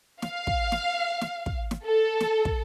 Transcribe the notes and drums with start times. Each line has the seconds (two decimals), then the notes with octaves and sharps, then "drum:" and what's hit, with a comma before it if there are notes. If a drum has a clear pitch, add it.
0.22 F5, drum: snare
0.47 drum: kick
0.72 drum: snare
1.21 drum: snare
1.46 drum: kick
1.71 drum: snare
1.86 A4
2.20 drum: snare
2.45 drum: kick